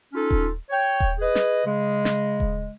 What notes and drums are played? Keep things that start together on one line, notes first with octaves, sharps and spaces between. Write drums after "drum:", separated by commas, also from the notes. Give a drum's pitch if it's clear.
C#4 D#4 F4 A4
drum: kick D#1
C#5 G5
drum: kick D#1
G#4 B4 D#5
drum: snare
C#3 G#3
drum: snare
drum: kick D#1